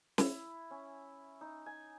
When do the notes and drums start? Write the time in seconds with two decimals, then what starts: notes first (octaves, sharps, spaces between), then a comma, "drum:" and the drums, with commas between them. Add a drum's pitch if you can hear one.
0.18 E4, drum: snare
0.71 C#4
1.41 D#4
1.66 G#5